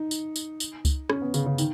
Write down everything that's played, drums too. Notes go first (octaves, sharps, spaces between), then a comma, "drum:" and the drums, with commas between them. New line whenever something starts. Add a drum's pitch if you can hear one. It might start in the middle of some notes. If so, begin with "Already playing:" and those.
Already playing: D#4
drum: tambourine
drum: tambourine
drum: tambourine
drum: kick C#2, tambourine
C#4, drum: rim click
B3
C#3, drum: tambourine
C#3
D#3, drum: tambourine